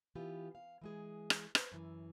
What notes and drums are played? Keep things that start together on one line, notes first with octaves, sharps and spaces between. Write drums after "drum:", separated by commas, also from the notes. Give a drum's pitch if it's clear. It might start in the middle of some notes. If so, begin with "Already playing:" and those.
E3 B3 F4 G4
F5
E3 G#3 G#4
drum: rim click
B4 C5, drum: rim click
F#2 E3